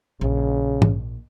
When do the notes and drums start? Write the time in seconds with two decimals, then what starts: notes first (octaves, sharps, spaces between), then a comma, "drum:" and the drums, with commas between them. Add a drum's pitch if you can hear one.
0.21 A#1 C#3
0.82 drum: tom G#2